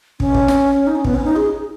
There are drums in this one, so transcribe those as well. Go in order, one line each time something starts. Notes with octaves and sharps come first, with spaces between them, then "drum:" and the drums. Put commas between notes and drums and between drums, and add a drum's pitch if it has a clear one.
C#4, drum: kick
drum: kick
drum: snare
D#4
C#4
B3, drum: kick
C#4
D#4
G#4